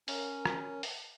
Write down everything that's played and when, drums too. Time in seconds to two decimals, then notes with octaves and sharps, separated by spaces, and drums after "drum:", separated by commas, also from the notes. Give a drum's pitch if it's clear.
0.08 C#4 A#4 C#5 A#5, drum: open hi-hat
0.45 drum: rim click
0.83 drum: open hi-hat